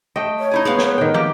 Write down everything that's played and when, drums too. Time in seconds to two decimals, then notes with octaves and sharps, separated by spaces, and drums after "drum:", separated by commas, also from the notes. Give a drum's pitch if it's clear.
0.16 A3 D#5 G5
0.39 C#5
0.51 D#4 E4 G#4
0.65 G#3 B3 F5
0.78 drum: snare
0.98 D#3 G5
1.14 A#3 G4, drum: tom